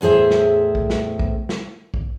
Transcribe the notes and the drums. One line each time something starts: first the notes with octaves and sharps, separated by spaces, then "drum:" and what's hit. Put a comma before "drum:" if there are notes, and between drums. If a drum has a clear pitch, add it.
E2 A2 G#4 C5 E5
drum: snare
drum: kick
drum: snare
drum: kick
drum: snare
drum: kick